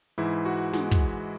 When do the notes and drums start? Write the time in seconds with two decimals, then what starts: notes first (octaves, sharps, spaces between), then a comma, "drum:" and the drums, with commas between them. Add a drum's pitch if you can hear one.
0.18 G#2 E3 E4
0.45 F#4
0.73 G#3, drum: snare
0.91 drum: kick